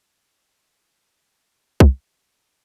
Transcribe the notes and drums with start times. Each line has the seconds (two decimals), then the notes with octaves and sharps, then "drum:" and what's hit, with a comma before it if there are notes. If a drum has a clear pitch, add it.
0.13 E2
0.67 E4
1.34 G4
1.80 drum: kick
1.96 C3